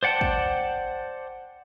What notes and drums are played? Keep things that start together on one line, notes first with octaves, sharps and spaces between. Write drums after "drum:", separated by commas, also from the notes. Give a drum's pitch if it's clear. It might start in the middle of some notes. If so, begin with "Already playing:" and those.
C5 D5 F#5 G5 A5
drum: kick